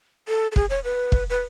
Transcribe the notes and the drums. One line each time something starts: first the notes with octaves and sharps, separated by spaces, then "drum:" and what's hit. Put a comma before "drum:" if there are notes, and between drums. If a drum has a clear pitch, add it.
A4
A4
G#4, drum: kick
C#5
B4
drum: kick
B4